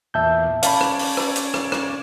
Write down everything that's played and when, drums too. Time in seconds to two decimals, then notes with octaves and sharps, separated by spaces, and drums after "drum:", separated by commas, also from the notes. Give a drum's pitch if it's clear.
0.14 E2 A#2 E5 A5 G6
0.63 C#4 D5 F5 A5 B5, drum: hi-hat
0.81 drum: rim click
0.99 drum: open hi-hat
1.17 drum: rim click
1.36 drum: hi-hat
1.54 drum: rim click
1.72 drum: rim click